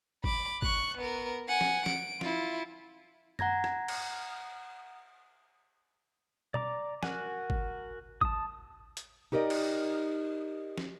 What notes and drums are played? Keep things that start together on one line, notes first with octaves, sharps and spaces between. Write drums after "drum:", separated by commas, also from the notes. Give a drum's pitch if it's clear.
B5 D6, drum: kick
C#6 F#6, drum: kick
B3 A#4
F#5 G#5
drum: snare
D7, drum: snare
E4 F4, drum: snare
F#5 A#5 G#6 A#6, drum: tom F#2
drum: rim click
drum: cymbal
D5 A#5 D6, drum: tom B2
F#4 A#4 F#5 G#5, drum: snare
drum: kick
A5 D#6, drum: kick
drum: hi-hat
D#4 G4 A#4 D5 D#5
drum: cymbal
drum: snare